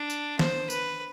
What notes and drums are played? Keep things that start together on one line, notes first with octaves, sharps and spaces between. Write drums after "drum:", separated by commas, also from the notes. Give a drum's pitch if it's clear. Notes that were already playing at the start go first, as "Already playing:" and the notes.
Already playing: D4
drum: tambourine
C5, drum: snare
B4, drum: tambourine